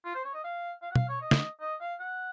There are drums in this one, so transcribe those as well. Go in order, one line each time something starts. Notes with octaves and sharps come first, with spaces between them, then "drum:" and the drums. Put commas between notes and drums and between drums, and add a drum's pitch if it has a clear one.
F4
C5
C#5
D#5
F5
F5
F#5
F5, drum: tom B2
C#5
D#5
drum: snare
D#5
F5
F#5